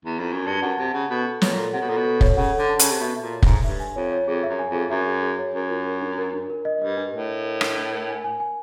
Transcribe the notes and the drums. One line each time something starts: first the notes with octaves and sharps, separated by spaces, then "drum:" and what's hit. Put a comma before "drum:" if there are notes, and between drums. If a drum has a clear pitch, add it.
E2
F2
F#2
G2 A5
F#2 F#5
C3 A5
C#3 F#5
B2 A4
A4
B2 C#5, drum: snare
A#2 A4
C3 F#5
B2
A#2 A4
B2
A4
C#5, drum: kick
C#3 F#5
A4
D3
A5
C#3, drum: hi-hat
A4
C3
B2 E5
E5
A#2
C#5
G#2 E5, drum: kick
G2 E5
G#5
F2 C#5
C#5
F2 G#4
E5
F#2
G#5
F2
G#4
F#2 E5
G#4
G#4
C#5
F#2 A#4
F4
A#4
D4
A#4
D4
A#4
D#5
G2 D#5
D4
A2 A#4
A#4
A#4
D4, drum: rim click
D4
A#4
G#5
G#5
G#5